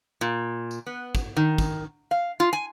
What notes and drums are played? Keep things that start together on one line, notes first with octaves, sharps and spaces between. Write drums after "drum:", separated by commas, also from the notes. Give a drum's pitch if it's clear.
A#2
drum: tambourine
B3
drum: kick, tambourine
D#3
drum: kick, tambourine
F5
F4
G#5